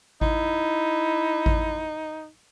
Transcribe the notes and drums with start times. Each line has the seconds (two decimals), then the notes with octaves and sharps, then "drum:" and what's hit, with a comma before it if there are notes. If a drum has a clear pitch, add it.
0.21 D#4 E4, drum: kick G#1
1.46 drum: kick G#1